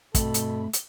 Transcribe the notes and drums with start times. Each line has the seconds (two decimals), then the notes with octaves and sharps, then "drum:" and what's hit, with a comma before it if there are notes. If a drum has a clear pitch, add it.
0.15 G2 B2 A3 C4 A4 B5, drum: kick, hi-hat
0.34 drum: hi-hat
0.73 drum: hi-hat